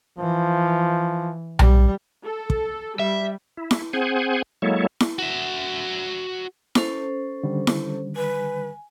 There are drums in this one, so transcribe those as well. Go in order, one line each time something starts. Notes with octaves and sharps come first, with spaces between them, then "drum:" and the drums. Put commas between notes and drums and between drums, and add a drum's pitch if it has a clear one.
E3 F3
G3, drum: tom B1
A4
drum: kick
G3 E5
E4
drum: snare E4
C4 G#4 C5 F#5 G#5
F#3 G#3 A#3 E4 A4 C#5
drum: snare E4
F#4 E5
C#4 A4 C5, drum: snare E4
D3 D#3 G3
drum: snare E4
B4 G#5